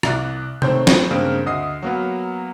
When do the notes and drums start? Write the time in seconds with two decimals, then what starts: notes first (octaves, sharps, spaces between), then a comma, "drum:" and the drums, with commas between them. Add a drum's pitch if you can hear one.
0.03 C2 D5 F#6, drum: rim click
0.62 D#3 A3 C4 C5 C#5 G6, drum: tom C3
0.87 drum: snare
1.10 G2 C#3 G#3 A#3 C4
1.46 D2 D#5 D#6 C7
1.82 F#3 A#3 B3